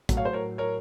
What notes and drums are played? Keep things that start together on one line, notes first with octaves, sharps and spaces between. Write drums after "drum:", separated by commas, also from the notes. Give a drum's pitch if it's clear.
A2 F#3 A3, drum: kick, hi-hat
C#5 F5
C5
A#4 C#5
A#4 C#5